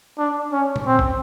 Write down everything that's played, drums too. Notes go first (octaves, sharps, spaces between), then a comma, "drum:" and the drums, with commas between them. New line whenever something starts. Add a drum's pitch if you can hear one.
D4
C#4
drum: tom A#2
C4
drum: kick